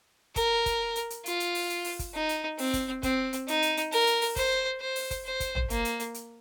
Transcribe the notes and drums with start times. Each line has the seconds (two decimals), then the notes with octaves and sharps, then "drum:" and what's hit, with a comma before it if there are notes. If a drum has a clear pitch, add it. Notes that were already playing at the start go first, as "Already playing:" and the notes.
0.36 A#4, drum: kick, hi-hat
0.66 drum: kick, hi-hat
0.96 drum: hi-hat
1.10 drum: hi-hat
1.26 F4, drum: hi-hat
1.40 drum: hi-hat
1.55 drum: open hi-hat
1.70 drum: hi-hat
1.84 drum: open hi-hat
1.99 drum: kick, hi-hat
2.14 D#4
2.29 drum: hi-hat
2.59 C4, drum: open hi-hat
2.73 drum: kick, hi-hat
3.03 C4, drum: kick, hi-hat
3.33 drum: hi-hat
3.48 D#4, drum: hi-hat
3.62 drum: hi-hat
3.77 drum: hi-hat
3.92 A#4, drum: open hi-hat
4.07 drum: hi-hat
4.22 drum: open hi-hat
4.36 C5, drum: kick, hi-hat
4.81 C5
4.96 drum: open hi-hat
5.11 drum: kick, hi-hat
5.26 C5
5.40 drum: kick, hi-hat
5.55 drum: tom
5.70 A#3, drum: hi-hat
5.85 drum: hi-hat
6.00 drum: hi-hat
6.14 drum: hi-hat